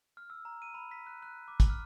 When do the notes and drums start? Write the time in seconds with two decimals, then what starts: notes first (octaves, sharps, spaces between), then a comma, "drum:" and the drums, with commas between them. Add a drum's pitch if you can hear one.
0.17 F6
0.30 E6
0.45 A#5
0.62 D#7
0.74 B5
0.91 B6
1.07 F#6
1.22 F#6
1.48 D6
1.60 drum: kick, hi-hat
1.70 F6